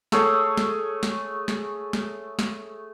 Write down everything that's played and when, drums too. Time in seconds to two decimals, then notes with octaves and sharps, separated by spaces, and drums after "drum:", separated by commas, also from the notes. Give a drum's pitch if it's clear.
0.12 A3 G#4 C#5, drum: snare
0.57 drum: snare
1.03 drum: snare
1.48 drum: snare
1.93 drum: snare
2.39 drum: snare